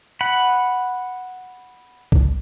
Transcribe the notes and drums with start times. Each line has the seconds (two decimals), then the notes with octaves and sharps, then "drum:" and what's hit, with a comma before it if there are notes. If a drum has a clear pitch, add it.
0.21 F#5 B5
2.12 drum: kick C2